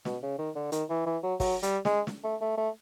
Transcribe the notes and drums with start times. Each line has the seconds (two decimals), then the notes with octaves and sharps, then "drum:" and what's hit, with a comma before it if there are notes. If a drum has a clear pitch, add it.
0.05 B2, drum: snare
0.22 C#3
0.38 D#3
0.55 D3
0.72 D#3, drum: hi-hat
0.89 E3
1.06 E3
1.23 F#3
1.40 F#3, drum: kick, open hi-hat
1.63 G3, drum: hi-hat
1.85 G#3, drum: snare
2.07 drum: snare
2.24 A3
2.41 A3
2.58 A3